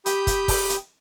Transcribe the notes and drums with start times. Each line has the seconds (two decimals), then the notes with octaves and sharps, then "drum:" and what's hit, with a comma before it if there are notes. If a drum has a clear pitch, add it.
0.06 G4 B5 D#6 G6, drum: hi-hat
0.27 drum: kick, hi-hat
0.48 drum: kick, open hi-hat
0.69 drum: hi-hat